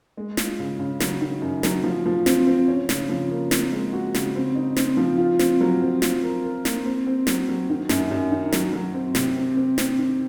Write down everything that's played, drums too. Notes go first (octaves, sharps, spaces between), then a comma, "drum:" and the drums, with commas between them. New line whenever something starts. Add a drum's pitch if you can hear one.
G#3
F4, drum: snare
C#3
C#3
F#3, drum: snare
D#3
F#2
F#3, drum: snare
F3
F3
C4, drum: snare
C4
C#4
C#3, drum: snare
F3
A#3
C4, drum: snare
G#3
F#4
C#3, drum: snare
C4
D#4
C4, drum: snare
F3
F4
C4, drum: snare
F#3
C4
F4, drum: snare
A#4
A#4
A#3, drum: snare
C4
C4
F#3, drum: snare
F#3
D#3
F#2, drum: snare
F#2
D#3
F#3, drum: snare
F#3
C4
C3, drum: snare
C4
C4
C4, drum: snare
D#3